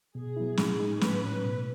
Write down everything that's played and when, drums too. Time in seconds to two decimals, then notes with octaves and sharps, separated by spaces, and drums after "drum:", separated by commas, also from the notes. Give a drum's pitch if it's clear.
0.15 B2 G#4
0.36 F#3 B3 E4
0.57 A2, drum: snare
0.80 G#3 D#4
1.01 A2 B4, drum: snare
1.23 F#3 C#4
1.44 B2